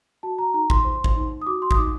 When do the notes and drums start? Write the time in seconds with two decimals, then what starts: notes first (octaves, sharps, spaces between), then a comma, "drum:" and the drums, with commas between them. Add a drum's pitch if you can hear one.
0.23 F#4 A5
0.38 A#5
0.54 D#4 A#5
0.70 C6, drum: kick
0.85 C5
1.04 drum: kick
1.16 D#4
1.42 D#6
1.47 F#4 D6
1.62 C6
1.71 D#6, drum: kick
1.77 D#4 D6